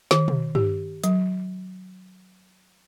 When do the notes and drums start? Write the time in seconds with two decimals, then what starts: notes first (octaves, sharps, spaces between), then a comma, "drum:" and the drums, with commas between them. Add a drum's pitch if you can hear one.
0.11 D#3, drum: snare
0.28 drum: tom B2
0.55 G4, drum: tom G2
1.04 F#3, drum: hi-hat